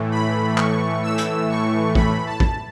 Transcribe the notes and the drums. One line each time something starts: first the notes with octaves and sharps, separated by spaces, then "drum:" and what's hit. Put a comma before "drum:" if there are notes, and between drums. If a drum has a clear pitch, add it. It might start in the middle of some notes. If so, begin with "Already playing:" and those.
Already playing: A2 E3 A3
B5
C#6, drum: clap
E6
drum: hi-hat
C#6
B5, drum: kick
A5
drum: kick